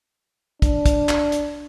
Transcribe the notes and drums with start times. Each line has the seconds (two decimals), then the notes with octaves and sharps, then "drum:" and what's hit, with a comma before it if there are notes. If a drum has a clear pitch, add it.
0.62 D4, drum: kick, hi-hat
0.86 drum: kick, hi-hat
1.09 drum: clap
1.32 drum: hi-hat